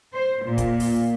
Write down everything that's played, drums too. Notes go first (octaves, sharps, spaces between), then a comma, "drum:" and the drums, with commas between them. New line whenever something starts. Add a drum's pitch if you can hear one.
C5
A#2
drum: kick, hi-hat
drum: open hi-hat